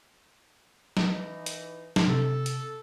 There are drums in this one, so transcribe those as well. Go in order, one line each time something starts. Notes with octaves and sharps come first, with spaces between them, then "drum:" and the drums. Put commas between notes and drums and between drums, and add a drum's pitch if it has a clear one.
E3 D#4, drum: snare
drum: hi-hat
drum: snare
C3 A4
drum: hi-hat